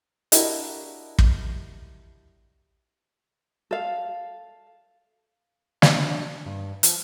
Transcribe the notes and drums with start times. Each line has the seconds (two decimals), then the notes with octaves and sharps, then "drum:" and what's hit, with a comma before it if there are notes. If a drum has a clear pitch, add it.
0.32 D4 E4 F#4 G4 A#4 D#5, drum: hi-hat
1.19 drum: kick
3.71 A4 F5
5.82 D4, drum: snare
6.46 G2
6.83 F3, drum: hi-hat